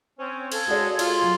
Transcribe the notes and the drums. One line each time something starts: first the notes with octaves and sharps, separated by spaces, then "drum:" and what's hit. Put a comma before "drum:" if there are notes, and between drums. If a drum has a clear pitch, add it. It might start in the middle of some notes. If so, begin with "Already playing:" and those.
C4 C#4
A4 F5 G#6, drum: cymbal
G#3 F#4 G#4 C#5
F4, drum: cymbal
F#3